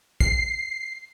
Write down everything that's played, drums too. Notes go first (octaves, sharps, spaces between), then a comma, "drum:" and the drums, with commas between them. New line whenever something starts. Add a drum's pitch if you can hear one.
C7, drum: kick A#1